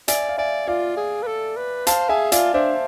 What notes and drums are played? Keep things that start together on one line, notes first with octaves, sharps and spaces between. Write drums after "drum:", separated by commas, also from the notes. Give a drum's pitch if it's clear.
D5 E5 G#5, drum: hi-hat
F5
D5 E5 G#5
F4 D5 F5
G#4
B4
A4
B4
C5 F5 A5, drum: hi-hat
G#4 E5 G#5
F4 D5 F5, drum: hi-hat
D4 C5 E5